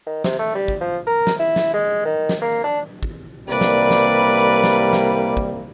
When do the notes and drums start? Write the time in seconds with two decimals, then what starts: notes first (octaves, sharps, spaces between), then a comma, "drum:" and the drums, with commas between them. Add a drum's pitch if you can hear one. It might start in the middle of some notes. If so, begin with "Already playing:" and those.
0.07 D#3
0.24 C3, drum: snare
0.39 A3
0.55 G3
0.68 drum: kick
0.81 F3
1.07 A#4
1.27 drum: snare
1.39 E4
1.56 drum: snare
1.73 G#3
2.05 D#3
2.29 drum: snare
2.42 A#3
2.64 D4
3.03 drum: kick
3.49 C2 G3 A#3 B4 D5
3.61 drum: snare
3.90 drum: snare
4.64 drum: snare
4.93 drum: snare
5.37 drum: kick